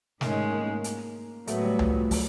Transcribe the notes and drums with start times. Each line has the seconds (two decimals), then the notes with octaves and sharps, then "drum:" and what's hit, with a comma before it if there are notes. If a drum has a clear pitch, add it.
0.21 G#2 D#3 G#3 A3 C#4, drum: snare
0.52 A#3
0.68 A#3
0.84 drum: hi-hat
1.47 A2 F#3 A3 B3, drum: hi-hat
1.63 G3
1.79 F3, drum: tom C#2
2.11 F#3, drum: kick, open hi-hat